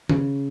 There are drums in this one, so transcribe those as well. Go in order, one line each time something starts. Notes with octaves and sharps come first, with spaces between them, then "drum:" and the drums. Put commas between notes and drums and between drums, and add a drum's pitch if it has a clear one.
C#3, drum: tom